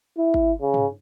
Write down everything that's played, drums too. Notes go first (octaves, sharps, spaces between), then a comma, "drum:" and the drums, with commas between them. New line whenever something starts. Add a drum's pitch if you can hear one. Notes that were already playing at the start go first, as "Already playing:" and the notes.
E4
drum: kick G#1
C#3
drum: tom